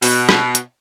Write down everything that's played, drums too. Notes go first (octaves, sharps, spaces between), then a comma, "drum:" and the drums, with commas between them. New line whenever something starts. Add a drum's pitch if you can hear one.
B2, drum: open hi-hat
drum: rim click
drum: hi-hat